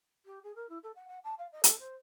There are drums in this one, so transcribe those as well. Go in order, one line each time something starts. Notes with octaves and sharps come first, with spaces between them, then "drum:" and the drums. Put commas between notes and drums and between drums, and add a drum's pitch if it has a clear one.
G4
G#4
A#4
E4
A4
F#5
F#5
A5
F5
D#5
A4, drum: hi-hat
C5